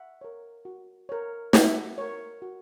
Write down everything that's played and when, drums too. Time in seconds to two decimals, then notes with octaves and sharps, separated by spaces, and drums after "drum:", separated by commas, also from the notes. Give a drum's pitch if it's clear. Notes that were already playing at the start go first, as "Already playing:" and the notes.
Already playing: E5 F#5
0.21 A#4 C#5
0.65 F#4
1.09 A#4 C#5
1.53 F#4 E5 F#5, drum: snare
1.98 A#4 C#5
2.42 F#4